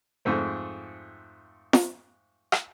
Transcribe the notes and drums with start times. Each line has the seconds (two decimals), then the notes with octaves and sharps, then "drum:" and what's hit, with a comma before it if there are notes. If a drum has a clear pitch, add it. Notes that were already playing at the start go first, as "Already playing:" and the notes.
0.25 F2 G#2 A3 C4
1.73 drum: snare F4
2.52 drum: rim click